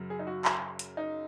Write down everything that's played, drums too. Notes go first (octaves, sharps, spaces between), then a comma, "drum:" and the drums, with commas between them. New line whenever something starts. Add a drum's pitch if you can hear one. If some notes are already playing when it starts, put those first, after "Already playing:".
Already playing: F#2 C#3 F#3
G#4
D#4
F#4
drum: clap
drum: hi-hat
D#4